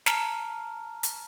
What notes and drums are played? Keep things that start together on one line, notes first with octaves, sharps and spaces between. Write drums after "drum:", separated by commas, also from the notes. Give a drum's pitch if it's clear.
A5 A#5 F6, drum: snare
drum: hi-hat